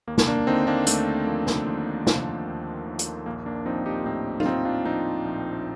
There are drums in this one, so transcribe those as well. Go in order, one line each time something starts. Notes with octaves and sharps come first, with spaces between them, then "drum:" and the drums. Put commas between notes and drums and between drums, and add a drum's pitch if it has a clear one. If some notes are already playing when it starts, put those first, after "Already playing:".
D#2 A#3
drum: snare
A#3 D4
D3 C4 D#4
A#3 D4
D#2 A3 C4, drum: hi-hat
F3 A#3
drum: snare
D#2
F3, drum: snare
D#2
D#2
drum: hi-hat
A#1 A#3
A#3 D4
F3 C4 D#4
D#4 G4
A2 C4 D#4
F4, drum: tom
A2 C4 D#4
D4 F4
F3 C4 D#4
A#1